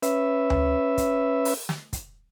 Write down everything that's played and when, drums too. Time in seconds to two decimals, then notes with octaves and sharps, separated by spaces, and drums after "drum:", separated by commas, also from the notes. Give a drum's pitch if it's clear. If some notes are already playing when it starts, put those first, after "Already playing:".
0.03 C#4 B4 E5, drum: hi-hat
0.50 drum: tom D2
0.98 drum: kick, hi-hat
1.45 drum: open hi-hat
1.69 drum: snare
1.93 drum: kick, hi-hat